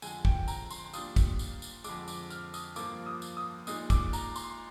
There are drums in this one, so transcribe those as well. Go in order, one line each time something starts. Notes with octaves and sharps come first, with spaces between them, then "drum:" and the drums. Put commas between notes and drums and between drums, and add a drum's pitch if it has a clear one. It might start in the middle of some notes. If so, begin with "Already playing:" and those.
F2 D3 G#3 G#5, drum: tambourine
G5, drum: kick
A#5, drum: tambourine
C6, drum: tambourine
A#2 G3 D4 F4 D#6, drum: tambourine
drum: kick, tambourine
drum: tambourine
drum: tambourine
F2 D3 G#3 D6, drum: tambourine
D6, drum: tambourine
F6, drum: tambourine
D#6, drum: tambourine
G2 F3 A#3 F4 D6, drum: tambourine
D#6
drum: tambourine
D#6
A#2 G#3 D#4 D#6, drum: tambourine
D6, drum: kick, tambourine
A#5, drum: tambourine
C6, drum: tambourine